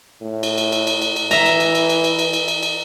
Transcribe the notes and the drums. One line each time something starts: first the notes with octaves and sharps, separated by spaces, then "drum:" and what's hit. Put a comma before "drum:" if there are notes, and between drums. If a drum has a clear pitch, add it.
A2
drum: cymbal
drum: cymbal
drum: cymbal
drum: cymbal
drum: cymbal
drum: cymbal
E3 E5 A#5, drum: cymbal
drum: cymbal
drum: cymbal
drum: cymbal
drum: cymbal
drum: cymbal
drum: cymbal
drum: cymbal
drum: cymbal
drum: cymbal